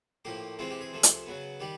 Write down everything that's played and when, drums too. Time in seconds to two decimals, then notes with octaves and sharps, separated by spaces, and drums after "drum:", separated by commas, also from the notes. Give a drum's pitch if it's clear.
0.25 A2 F3 A#3 G4
0.59 C3 E3 G#3 C4 F4
0.70 G4
0.81 G#4
0.93 C3 F3 A3
1.03 drum: hi-hat
1.26 C#3 F#3 B3
1.60 D#3 G3 G4